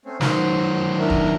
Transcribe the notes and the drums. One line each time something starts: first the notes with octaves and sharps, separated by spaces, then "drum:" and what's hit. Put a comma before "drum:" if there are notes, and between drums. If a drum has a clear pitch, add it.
A3 C4 C#4
D#3 F#3 C5, drum: snare
D4 E4 A#4
drum: kick